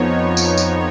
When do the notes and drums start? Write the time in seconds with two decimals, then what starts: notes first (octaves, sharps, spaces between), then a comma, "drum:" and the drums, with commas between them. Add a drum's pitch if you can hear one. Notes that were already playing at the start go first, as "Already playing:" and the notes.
Already playing: F2 F3 B3 D#4 C#5
0.37 drum: tambourine
0.57 drum: tambourine